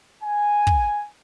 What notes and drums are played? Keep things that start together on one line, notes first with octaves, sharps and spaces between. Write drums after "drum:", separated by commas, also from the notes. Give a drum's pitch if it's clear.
G#5
drum: kick